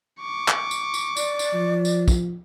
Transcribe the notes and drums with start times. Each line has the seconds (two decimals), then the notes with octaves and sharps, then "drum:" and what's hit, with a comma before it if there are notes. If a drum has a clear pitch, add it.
0.21 C#6 D6
0.48 drum: clap
0.71 drum: tambourine
0.94 drum: tambourine
1.17 D5, drum: tambourine
1.39 drum: tambourine
1.54 F3
1.85 drum: tambourine
2.08 drum: kick, tambourine